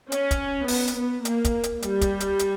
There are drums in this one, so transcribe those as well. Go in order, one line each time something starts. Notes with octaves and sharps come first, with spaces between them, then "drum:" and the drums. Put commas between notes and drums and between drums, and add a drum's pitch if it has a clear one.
C#4, drum: hi-hat
drum: kick, hi-hat
B3, drum: open hi-hat
drum: hi-hat
B3
A#3, drum: hi-hat
drum: kick, hi-hat
drum: hi-hat
G3, drum: hi-hat
drum: kick, hi-hat
drum: hi-hat
drum: hi-hat